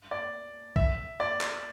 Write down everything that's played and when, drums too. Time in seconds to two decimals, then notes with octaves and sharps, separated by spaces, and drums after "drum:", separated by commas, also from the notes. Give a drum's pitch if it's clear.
0.11 D5
0.76 E5, drum: kick
1.20 D5
1.41 drum: clap